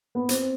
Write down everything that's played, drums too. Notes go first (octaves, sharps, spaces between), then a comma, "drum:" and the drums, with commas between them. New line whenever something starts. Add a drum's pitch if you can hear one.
B3
C4, drum: hi-hat